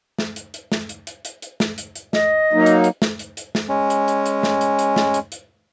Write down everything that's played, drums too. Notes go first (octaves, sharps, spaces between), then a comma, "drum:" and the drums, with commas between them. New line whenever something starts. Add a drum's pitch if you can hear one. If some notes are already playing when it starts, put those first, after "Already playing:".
drum: snare
drum: hi-hat
drum: hi-hat
drum: snare
drum: hi-hat
drum: hi-hat
drum: hi-hat
drum: hi-hat
drum: snare
drum: hi-hat
drum: hi-hat
D#5, drum: snare
F#3 A#3 D#4
drum: hi-hat
drum: hi-hat
drum: snare
drum: hi-hat
drum: hi-hat
drum: snare
G#3 C#4
drum: hi-hat
drum: hi-hat
drum: hi-hat
drum: snare
drum: hi-hat
drum: hi-hat
drum: snare
drum: hi-hat
drum: hi-hat